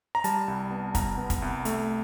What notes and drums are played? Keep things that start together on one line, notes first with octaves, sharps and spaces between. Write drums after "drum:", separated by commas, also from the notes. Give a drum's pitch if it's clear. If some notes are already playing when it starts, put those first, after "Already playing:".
A#5
G3 A5, drum: hi-hat
C2
B3
C2 A#5, drum: kick, hi-hat
B3
drum: kick, hi-hat
C2
A3, drum: hi-hat